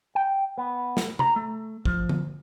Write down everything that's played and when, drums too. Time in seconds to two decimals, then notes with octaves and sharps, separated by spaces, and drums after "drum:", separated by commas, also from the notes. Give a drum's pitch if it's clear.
0.15 G5
0.58 B3
0.97 drum: snare
1.19 A#5, drum: tom C3
1.36 A3
1.85 F3, drum: kick
2.09 drum: tom D3